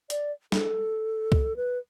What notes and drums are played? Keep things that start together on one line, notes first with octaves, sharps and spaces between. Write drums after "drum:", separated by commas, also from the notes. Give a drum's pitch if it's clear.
D5, drum: hi-hat
A4, drum: snare
drum: kick C#2
B4